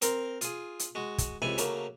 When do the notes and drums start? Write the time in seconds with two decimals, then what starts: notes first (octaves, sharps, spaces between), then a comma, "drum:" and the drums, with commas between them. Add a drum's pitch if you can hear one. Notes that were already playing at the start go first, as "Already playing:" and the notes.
0.02 C4 A#4 C5, drum: hi-hat
0.41 F4 G#4, drum: hi-hat
0.79 drum: hi-hat
0.95 G#3 F#4
1.18 drum: kick, hi-hat
1.42 C#2 C3 E3 A4 G#5 B5
1.58 C#3 F#3 A3 A#3, drum: hi-hat